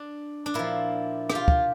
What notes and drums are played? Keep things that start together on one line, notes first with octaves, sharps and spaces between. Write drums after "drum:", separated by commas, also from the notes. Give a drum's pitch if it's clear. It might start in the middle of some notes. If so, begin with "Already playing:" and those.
Already playing: D4
D4
A#2 F3 E4
G4, drum: rim click
F4
drum: kick